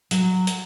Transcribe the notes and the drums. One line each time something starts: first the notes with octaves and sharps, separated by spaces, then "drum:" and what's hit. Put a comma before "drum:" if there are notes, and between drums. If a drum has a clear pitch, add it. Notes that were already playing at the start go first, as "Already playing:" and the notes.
F#3, drum: hi-hat
drum: hi-hat